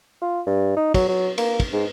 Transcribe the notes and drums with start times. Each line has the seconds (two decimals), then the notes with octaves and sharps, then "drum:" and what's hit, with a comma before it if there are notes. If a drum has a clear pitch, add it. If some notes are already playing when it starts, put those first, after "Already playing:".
0.21 F4
0.46 G2
0.77 D#4
0.94 F#3, drum: kick, cymbal
1.08 F#3
1.38 A#3, drum: cymbal
1.60 drum: kick, cymbal
1.73 G#2